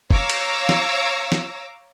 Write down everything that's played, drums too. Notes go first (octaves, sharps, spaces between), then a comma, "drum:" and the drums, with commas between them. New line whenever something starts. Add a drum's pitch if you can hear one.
C#5 F5 A#5 D6 E6 A#6, drum: kick
drum: cymbal
drum: snare
drum: snare